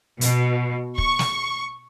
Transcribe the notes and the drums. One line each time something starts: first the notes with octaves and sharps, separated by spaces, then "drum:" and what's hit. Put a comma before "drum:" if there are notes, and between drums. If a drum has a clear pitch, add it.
B2, drum: hi-hat
C#6, drum: kick
drum: snare